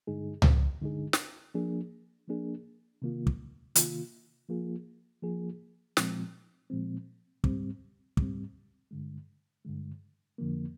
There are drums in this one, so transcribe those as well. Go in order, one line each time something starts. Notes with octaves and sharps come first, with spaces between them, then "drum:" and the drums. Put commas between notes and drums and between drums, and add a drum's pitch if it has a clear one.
G2 D3 G#3 D#4 G#4
drum: tom C#2
G2 D3 G#3 D#4 G#4
drum: snare
F3 A#3 D4 G#4
F3 A#3 D4 G#4
C3 D#3 A#3 F4
drum: kick
C3 D#3 A#3 F4, drum: hi-hat
F3 A#3 F4 G#4
F3 A#3 F4 G#4
A#2 F3 G#3 C4, drum: snare
A#2 F3 G#3 C4
G#2 G3 C4, drum: kick
G#2 G3 C4, drum: kick
G2 D3 G#3
G2 D3 G#3
F2 D3 F3 A#3